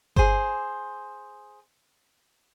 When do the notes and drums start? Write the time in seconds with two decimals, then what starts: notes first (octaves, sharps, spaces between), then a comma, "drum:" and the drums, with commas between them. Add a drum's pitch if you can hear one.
0.16 G#4 C5, drum: kick G1